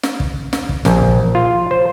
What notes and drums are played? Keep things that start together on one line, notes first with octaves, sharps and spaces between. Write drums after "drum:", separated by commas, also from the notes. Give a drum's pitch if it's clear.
drum: snare
drum: kick
drum: snare
drum: kick
A#1, drum: snare
drum: kick
F4
C5